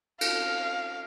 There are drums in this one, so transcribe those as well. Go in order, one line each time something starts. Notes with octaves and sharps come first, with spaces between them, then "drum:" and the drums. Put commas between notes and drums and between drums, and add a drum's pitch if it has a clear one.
F5, drum: cymbal